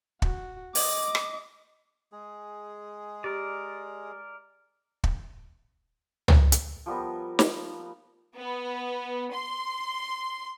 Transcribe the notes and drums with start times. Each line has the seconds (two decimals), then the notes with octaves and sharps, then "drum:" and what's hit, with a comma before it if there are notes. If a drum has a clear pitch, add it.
0.22 F#4, drum: kick
0.75 D#5 D6, drum: open hi-hat
1.15 drum: rim click
2.12 G#3 G#4
3.24 G4 A#4 D5
5.04 drum: kick
6.28 drum: tom
6.52 drum: hi-hat
6.86 F3 G3 B3 A#4
7.39 drum: snare
8.38 B3
9.33 C6